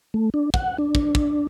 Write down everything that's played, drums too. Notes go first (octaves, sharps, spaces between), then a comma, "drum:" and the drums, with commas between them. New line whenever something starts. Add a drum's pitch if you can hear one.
A3
D4
F#5, drum: kick
D4
drum: kick
drum: kick